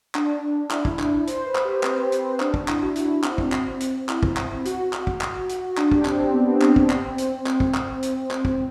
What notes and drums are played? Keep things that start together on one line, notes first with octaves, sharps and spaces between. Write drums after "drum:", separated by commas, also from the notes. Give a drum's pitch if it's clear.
D4, drum: clap
E4, drum: clap
drum: kick
drum: clap
C5, drum: hi-hat
B4
drum: clap
G4
C4, drum: clap
C4, drum: hi-hat
D4, drum: clap
drum: kick
E4, drum: clap
F#4
E4, drum: hi-hat
C4, drum: clap
drum: kick
drum: clap
drum: hi-hat
E4, drum: clap
drum: kick
drum: clap
F#4, drum: hi-hat
drum: clap
drum: kick
drum: clap
drum: hi-hat
D4, drum: clap
G4, drum: kick
C4, drum: clap
C4
B3
C4
C4, drum: clap
D4, drum: kick
C4, drum: clap
drum: hi-hat
drum: clap
drum: kick
drum: clap
drum: hi-hat
drum: clap
drum: kick